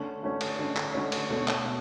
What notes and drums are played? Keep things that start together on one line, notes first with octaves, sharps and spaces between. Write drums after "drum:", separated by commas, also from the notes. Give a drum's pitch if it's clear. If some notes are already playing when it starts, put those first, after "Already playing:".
Already playing: D3 A3 C#4
D3 A3 C#4
drum: cymbal
D3 A3 C#4
drum: clap
D3 A3 C#4
drum: cymbal
B2 A3 C#4
drum: clap
B2